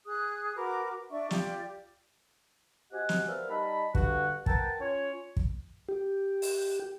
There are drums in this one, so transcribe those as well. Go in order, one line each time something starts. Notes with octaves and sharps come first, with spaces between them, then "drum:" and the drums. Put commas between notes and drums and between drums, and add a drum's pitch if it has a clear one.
G#4 D#6 F#6
F#4 A#4 B4 D6
D4 D5 E5 C#6
F4 G4 D5, drum: snare
C4 F#4 G4 D#5 F#5 G#5
drum: snare
A#3 B3 C5 D5 E5 F5
G3 D#4 D#5 A5 B5
G2 D3 F#4, drum: kick
A#4 B4 F#5 G5 A5, drum: kick
C#4 F4 C#5
drum: kick
G4
drum: open hi-hat